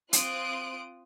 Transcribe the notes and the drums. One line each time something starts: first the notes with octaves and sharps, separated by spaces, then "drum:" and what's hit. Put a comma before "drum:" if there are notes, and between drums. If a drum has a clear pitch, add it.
C4 F4 D#6 F#6 D7, drum: hi-hat